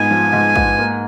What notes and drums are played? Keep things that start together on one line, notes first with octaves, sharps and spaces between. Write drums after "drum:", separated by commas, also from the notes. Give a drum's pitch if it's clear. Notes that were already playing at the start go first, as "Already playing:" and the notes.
Already playing: G#2 B3 F4 G#5
F3
G#2
G#2, drum: kick
A#3